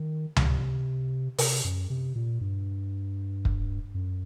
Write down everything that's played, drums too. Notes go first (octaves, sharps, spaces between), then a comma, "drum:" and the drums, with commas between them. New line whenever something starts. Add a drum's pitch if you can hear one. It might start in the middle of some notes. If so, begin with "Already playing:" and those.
Already playing: D#3
C3, drum: tom C#2
C3, drum: open hi-hat
F#2
C3
A#2
G2
drum: kick
F#2